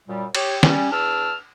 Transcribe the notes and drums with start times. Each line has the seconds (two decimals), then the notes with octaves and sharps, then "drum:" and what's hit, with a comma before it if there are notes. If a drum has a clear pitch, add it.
0.08 F#2 A#2 G3
0.35 G4 C#5, drum: cymbal
0.63 G3 C#4, drum: snare
0.92 E2 D4 E6 F6